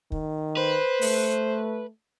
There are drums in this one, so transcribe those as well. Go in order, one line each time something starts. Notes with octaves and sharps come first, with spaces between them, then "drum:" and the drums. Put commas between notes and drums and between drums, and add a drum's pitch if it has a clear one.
D#3, drum: kick
B4 C5
A3, drum: open hi-hat